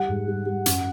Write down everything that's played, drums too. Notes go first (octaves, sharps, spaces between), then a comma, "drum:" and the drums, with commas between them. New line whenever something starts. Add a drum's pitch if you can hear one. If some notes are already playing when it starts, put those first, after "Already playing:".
Already playing: G3 F#5
G#2
G3
G3
F#2, drum: hi-hat